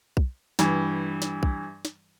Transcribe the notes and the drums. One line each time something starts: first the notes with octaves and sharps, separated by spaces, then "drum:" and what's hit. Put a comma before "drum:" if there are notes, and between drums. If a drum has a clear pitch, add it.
drum: kick B1
G2 E3, drum: snare
drum: snare
drum: kick B1
drum: snare